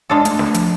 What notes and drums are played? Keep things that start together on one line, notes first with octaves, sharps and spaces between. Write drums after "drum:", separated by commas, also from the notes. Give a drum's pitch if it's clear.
G#3 D4 F4 A4
A3, drum: hi-hat
A3, drum: snare
F3, drum: hi-hat